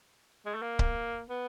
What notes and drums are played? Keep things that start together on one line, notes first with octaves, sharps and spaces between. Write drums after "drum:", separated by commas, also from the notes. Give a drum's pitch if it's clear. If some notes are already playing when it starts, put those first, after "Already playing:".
G#3
A3
A#3
drum: kick C#1
B3